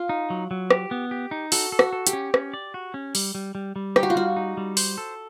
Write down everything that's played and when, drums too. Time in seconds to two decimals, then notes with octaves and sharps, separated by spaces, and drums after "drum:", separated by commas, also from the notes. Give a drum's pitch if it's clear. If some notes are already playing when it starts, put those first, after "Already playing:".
Already playing: F4
0.09 D#4
0.30 F#3
0.51 F#3
0.71 G4, drum: rim click
0.91 B3
1.11 G4
1.31 D#4
1.52 F#4 A4, drum: open hi-hat
1.72 A4
1.79 F#4, drum: rim click
1.93 A4
2.07 G4, drum: hi-hat
2.13 C#4
2.34 C#4, drum: rim click
2.54 D5
2.74 F#4
2.94 C#4
3.15 G3, drum: open hi-hat
3.35 G3
3.55 G3
3.76 G3
3.96 D#4 G4, drum: rim click
4.03 F#4
4.10 F4
4.16 G3 F#4
4.36 D#4
4.57 G3
4.77 C5, drum: open hi-hat
4.98 A4